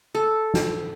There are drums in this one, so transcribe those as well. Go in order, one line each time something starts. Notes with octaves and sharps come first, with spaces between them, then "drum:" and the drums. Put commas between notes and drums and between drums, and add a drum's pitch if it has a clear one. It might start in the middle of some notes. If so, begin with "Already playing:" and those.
A4
drum: snare